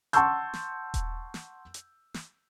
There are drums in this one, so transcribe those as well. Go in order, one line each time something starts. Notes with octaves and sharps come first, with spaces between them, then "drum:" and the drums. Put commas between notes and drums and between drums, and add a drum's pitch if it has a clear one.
F#5 A5 C6 C#6 E6 G6, drum: hi-hat
drum: snare
drum: kick D#1, hi-hat
drum: snare
drum: hi-hat
drum: snare